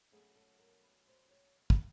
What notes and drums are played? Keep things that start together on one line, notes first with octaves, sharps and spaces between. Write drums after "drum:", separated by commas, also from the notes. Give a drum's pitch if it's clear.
B2 F#3 A3 C#4 G#4
A4
A#4
B4
C5
C#5
drum: kick